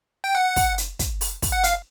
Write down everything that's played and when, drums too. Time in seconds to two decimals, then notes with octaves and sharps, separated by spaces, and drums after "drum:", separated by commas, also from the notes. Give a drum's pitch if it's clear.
0.24 G5
0.35 F#5
0.56 drum: kick, open hi-hat
0.78 drum: hi-hat
0.99 drum: kick, hi-hat
1.21 drum: open hi-hat
1.42 drum: kick, open hi-hat
1.52 F#5
1.64 F5, drum: hi-hat